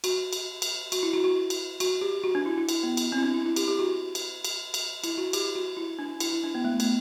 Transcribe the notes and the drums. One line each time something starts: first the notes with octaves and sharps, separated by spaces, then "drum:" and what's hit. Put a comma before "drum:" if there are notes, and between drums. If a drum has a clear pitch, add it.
F#4, drum: cymbal
drum: cymbal
drum: cymbal
F#4, drum: cymbal
E4
F#4
F#4
drum: cymbal
F#4, drum: cymbal
G4
F#4
D4
E4
E4
E4, drum: cymbal
B3
drum: cymbal
C4
E4
D4
E4
E4
G4, drum: cymbal
G4
F#4
drum: cymbal
drum: cymbal
drum: cymbal
E4, drum: cymbal
F#4
G4, drum: cymbal
F#4
E4
D4
E4, drum: cymbal
E4
D4
B3
A3
B3, drum: cymbal